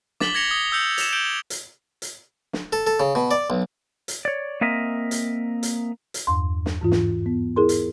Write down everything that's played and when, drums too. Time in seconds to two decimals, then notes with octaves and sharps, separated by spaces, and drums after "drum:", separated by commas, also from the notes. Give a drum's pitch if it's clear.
0.20 D6 A6 B6 F#7 G7, drum: snare
0.34 G#6 A#6 C#7 F7 G7
0.51 D#6 G7
0.72 E6 G6 C#7 F#7
0.98 E7 F7, drum: hi-hat
1.12 G6 D7 F#7 G7
1.50 drum: hi-hat
2.02 drum: hi-hat
2.53 drum: snare
2.73 A4
2.87 A4
3.00 C#3
3.15 B2
3.31 D5
3.50 B1
4.08 drum: hi-hat
4.25 C#5 D5
4.61 A#3 C4 A#4 D#5 E5
5.11 drum: hi-hat
5.63 drum: hi-hat
6.14 drum: hi-hat
6.27 E2 G2 C6
6.66 drum: snare
6.81 G#2 E3 F4
6.92 drum: snare
7.26 B3
7.56 E4 G#4 A#4 C6
7.69 drum: hi-hat